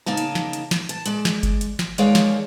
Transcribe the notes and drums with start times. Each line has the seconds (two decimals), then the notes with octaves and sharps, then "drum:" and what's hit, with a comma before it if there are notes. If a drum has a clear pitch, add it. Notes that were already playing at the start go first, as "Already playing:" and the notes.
0.06 C#3 A#3 D#4 A5
0.17 drum: hi-hat
0.35 drum: snare
0.53 drum: hi-hat
0.71 drum: snare
0.89 A5, drum: hi-hat
1.06 G#3 D5, drum: hi-hat
1.25 drum: snare
1.43 drum: kick F#1, hi-hat
1.61 drum: hi-hat
1.79 drum: snare
1.98 D#2 G#3 G#4 C#5 D5 F5, drum: hi-hat
2.15 drum: snare